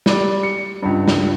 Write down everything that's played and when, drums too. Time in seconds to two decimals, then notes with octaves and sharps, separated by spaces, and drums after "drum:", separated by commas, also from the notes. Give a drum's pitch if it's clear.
0.06 G3 D5, drum: snare
0.43 C#7
0.82 C#2 G2
1.08 drum: snare